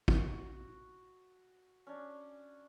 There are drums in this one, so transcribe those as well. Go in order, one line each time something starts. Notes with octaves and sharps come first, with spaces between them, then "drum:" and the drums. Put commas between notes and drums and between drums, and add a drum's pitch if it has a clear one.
F#4, drum: kick
C#4 D4